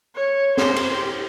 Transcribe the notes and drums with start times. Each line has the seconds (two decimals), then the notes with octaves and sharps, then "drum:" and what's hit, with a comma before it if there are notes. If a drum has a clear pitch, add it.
0.15 C#5
0.57 C5, drum: snare C4
0.76 drum: cymbal
0.94 G4